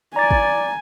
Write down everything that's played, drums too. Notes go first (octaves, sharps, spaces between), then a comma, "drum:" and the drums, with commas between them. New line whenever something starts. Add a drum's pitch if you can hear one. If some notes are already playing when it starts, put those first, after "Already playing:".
D5 G#5 A#5 A6
drum: kick